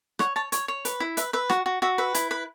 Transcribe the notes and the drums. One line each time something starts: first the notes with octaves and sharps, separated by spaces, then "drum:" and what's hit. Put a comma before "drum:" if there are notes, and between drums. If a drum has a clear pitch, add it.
C#5 F#5, drum: rim click
C#5 A5
C#5, drum: hi-hat
C#5
B4, drum: hi-hat
E4
B4 E5, drum: hi-hat
B4 E5
F#4 F#5, drum: rim click
F#4
F#4 E5
B4 E5
E4, drum: hi-hat
B4 B5